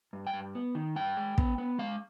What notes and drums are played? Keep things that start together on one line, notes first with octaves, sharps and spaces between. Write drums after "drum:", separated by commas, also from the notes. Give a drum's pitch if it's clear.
G2
G5
G2
B3
D#3
G2 G5
G#3
B3, drum: kick
B3
G#3 F5